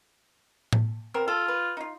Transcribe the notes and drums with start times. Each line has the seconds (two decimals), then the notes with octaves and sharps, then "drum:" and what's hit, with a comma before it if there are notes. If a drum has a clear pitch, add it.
0.73 drum: tom A2
1.14 B3 C4 A#4
1.28 F4 A4
1.48 B4
1.77 D#4 F4